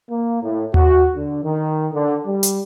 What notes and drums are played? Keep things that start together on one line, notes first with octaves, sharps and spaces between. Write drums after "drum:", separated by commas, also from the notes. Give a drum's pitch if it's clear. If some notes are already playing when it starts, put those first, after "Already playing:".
A#3
A2
F#4, drum: tom D#2
D3
D#3
D3
G3
drum: hi-hat